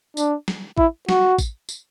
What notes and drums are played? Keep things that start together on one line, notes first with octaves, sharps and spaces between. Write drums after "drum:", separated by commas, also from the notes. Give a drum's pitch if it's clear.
D4, drum: tambourine
drum: snare
E4, drum: kick A1
F#4, drum: snare
drum: kick A1, tambourine
drum: tambourine